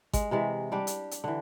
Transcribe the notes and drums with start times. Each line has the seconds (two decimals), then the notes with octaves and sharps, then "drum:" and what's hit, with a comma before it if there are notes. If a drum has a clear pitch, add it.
0.13 G#3, drum: kick G#1, hi-hat
0.31 C3 E3 G#3
0.72 G3 D4 G4
0.87 drum: hi-hat
1.11 drum: hi-hat
1.24 D3 E3